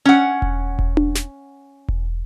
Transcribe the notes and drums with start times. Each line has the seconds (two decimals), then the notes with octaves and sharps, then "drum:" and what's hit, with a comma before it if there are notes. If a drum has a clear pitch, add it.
0.05 C#4 F#5
0.42 drum: kick E1
0.79 drum: kick E1
0.97 drum: tom D4
1.15 drum: snare
1.88 drum: kick E1